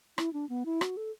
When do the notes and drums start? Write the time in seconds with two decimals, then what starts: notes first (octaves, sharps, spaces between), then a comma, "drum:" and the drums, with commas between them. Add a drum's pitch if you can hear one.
0.18 E4, drum: rim click
0.33 D4
0.49 B3
0.66 E4
0.81 F#4, drum: rim click
0.97 A4